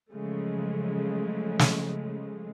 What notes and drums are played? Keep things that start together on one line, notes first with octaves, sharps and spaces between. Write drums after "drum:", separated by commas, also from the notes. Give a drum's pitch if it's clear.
C#3 F3 F#3 G#3 A3
drum: snare